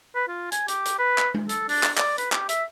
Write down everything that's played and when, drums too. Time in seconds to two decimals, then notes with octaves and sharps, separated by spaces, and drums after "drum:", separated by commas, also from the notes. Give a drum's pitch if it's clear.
0.15 B4
0.28 F4
0.52 G#5, drum: hi-hat
0.68 G4, drum: hi-hat
0.85 drum: hi-hat
0.99 B4
1.18 drum: clap
1.34 drum: tom G#3
1.49 A4, drum: hi-hat
1.69 D4, drum: open hi-hat
1.83 drum: clap
1.98 D5, drum: clap
2.18 B4, drum: hi-hat
2.32 G4, drum: clap
2.49 E5, drum: hi-hat